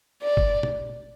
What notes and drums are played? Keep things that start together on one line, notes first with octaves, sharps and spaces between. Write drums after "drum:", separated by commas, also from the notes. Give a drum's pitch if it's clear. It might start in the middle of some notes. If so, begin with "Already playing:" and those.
D5
drum: kick G1
drum: tom